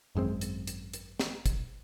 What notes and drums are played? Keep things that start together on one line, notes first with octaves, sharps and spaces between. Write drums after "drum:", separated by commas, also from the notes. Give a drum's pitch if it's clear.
G#1 F#2 G#3 C4
drum: hi-hat
drum: hi-hat
drum: hi-hat
drum: snare
drum: kick, hi-hat